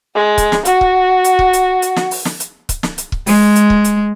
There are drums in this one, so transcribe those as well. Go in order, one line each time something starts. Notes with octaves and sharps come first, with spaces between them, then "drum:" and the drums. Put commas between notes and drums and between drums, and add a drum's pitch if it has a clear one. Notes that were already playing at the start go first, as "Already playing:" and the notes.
G#3
drum: kick, hi-hat
drum: snare
F#4, drum: hi-hat
drum: kick
drum: hi-hat
drum: kick
drum: hi-hat
drum: hi-hat
drum: snare
drum: open hi-hat
drum: snare
drum: hi-hat
drum: kick, hi-hat
drum: snare
drum: hi-hat
drum: kick
G#3, drum: open hi-hat
drum: hi-hat
drum: kick
drum: hi-hat